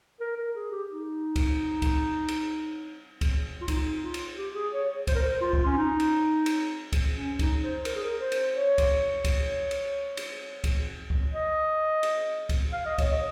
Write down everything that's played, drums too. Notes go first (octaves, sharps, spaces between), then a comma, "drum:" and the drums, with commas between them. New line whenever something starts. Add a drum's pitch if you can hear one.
A#4
A#4
G#4
G4
D#4
drum: kick C#2, cymbal
drum: kick C#2, cymbal
drum: cymbal
drum: kick C#2, cymbal
F4
D#4, drum: kick C#2, cymbal
F4
drum: cymbal
G4
G#4
C#5
C5, drum: kick C#2, cymbal
A#4
C5
F4
drum: kick C#2
C#4
D#4
drum: cymbal
drum: cymbal
drum: kick C#2, cymbal
C#4
D#4, drum: kick C#2, cymbal
C5
A#4, drum: cymbal
G#4
A#4
C5
drum: cymbal
C#5
drum: kick C#2, cymbal
drum: kick C#2, cymbal
drum: cymbal
drum: cymbal
drum: kick C#2, cymbal
drum: kick C#2
D#5
drum: cymbal
drum: kick C#2, cymbal
F5
D#5
C#5, drum: kick C#2, cymbal
D#5